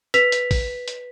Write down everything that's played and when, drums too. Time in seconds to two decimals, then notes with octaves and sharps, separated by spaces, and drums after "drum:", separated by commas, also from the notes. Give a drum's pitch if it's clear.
0.14 B4 B6 F7, drum: hi-hat
0.32 drum: hi-hat
0.51 drum: kick, open hi-hat
0.88 drum: hi-hat